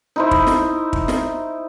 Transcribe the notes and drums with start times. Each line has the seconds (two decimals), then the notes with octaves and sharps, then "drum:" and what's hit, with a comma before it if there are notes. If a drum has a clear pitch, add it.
0.16 D#4 E4 C5
0.31 drum: kick
0.47 drum: snare
0.93 drum: kick
1.08 drum: snare